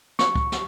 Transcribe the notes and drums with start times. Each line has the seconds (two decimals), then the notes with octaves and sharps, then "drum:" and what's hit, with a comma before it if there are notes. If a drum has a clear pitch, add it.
0.19 C#6, drum: snare
0.35 drum: kick C#2
0.52 drum: snare